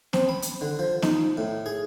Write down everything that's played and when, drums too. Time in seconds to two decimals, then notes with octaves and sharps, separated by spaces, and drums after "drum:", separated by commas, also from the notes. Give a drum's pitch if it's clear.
0.13 C4, drum: snare B3
0.29 B5
0.42 drum: hi-hat
0.61 D3
0.79 F3
1.02 D#4, drum: snare B3
1.37 A2
1.66 G#4